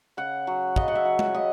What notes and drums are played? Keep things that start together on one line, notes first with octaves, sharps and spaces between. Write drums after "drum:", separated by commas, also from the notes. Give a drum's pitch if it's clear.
C#3 F#5
F#3
C#3 D#5, drum: kick
F#5
E5
F#3
drum: tom G#3
C#3 D#5